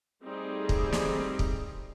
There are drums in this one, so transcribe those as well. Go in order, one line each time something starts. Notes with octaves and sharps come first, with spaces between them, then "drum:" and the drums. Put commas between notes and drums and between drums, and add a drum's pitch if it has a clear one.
G3 A3 C4 D#4 G#4
drum: kick
drum: snare
drum: kick